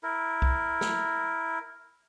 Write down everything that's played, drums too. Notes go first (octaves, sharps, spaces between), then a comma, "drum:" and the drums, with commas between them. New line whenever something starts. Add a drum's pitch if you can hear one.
E4 A#4
drum: kick B1
drum: snare